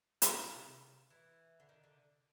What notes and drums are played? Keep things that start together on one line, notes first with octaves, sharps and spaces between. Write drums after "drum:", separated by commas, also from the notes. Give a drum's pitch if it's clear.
C#3, drum: hi-hat
C3
C3
D#3
E3
D3
D#3
D3